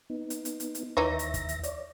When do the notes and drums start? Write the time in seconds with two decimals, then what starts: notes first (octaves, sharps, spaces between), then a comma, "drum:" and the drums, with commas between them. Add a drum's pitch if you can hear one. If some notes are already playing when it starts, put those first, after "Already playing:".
0.10 B3 D#4
0.30 drum: hi-hat
0.45 drum: hi-hat
0.60 drum: hi-hat
0.75 drum: hi-hat
0.97 D#2 E3 D#4 C#5 E5 A#6
1.19 drum: hi-hat
1.34 drum: kick, hi-hat
1.49 drum: hi-hat
1.63 C#5 D5, drum: hi-hat